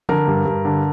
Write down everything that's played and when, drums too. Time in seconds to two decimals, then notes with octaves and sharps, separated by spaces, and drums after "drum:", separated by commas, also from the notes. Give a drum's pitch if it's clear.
0.09 D3 A#4, drum: tom F3
0.28 G2
0.46 G2
0.65 D3